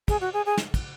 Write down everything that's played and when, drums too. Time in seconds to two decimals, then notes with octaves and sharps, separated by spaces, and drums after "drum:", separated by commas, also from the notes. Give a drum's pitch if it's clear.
0.08 G#4, drum: kick, cymbal
0.21 F#4
0.33 G#4
0.46 G#4
0.58 drum: snare
0.74 drum: kick, cymbal